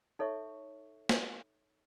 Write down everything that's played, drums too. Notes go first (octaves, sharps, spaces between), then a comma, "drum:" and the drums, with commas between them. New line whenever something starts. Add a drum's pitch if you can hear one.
D#4 A4 C#5 E5 C#6
drum: snare